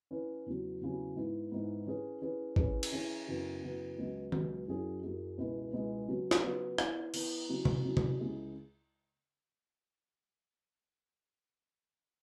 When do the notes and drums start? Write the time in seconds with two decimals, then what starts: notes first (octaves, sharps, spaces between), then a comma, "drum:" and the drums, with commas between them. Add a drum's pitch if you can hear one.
0.11 E3 C#4 E4 B4
0.46 E2 C#3 F#3
0.81 E2 C#3 F#3
1.16 G#2 E3 B3 E4
1.52 G#2 E3 B3 E4
1.87 E3 C#4 G#4 B4
2.22 E3 C#4 G#4 B4
2.56 E3 C#4 E4 G#4 B4, drum: kick
2.83 drum: cymbal
2.92 E3 C#4 E4 G#4 B4
3.27 F#2 C#3 E3 B3 F#4
3.63 F#2 C#3 E3 B3 F#4
3.97 C#2 C#3 F#3 B3
4.32 C#2 C#3 F#3 B3, drum: tom
4.68 F#2 F#3 C#4 E4 G#4
5.03 F#2 F#3 C#4 E4 G#4
5.38 C#2 B2 G#3 E4 B4
5.73 C#2 B2 G#3 E4 B4
6.08 C#3 F#3 B3
6.31 drum: snare
6.43 C#3 F#3 B3
6.78 E3 B3 E4, drum: rim click
7.14 E3 B3 E4, drum: cymbal
7.49 C#3 F#3 E4
7.65 drum: tom C3
7.84 C#3 F#3 E4
7.97 drum: tom C3
8.19 C#2 C#3 G#3 E4 G#4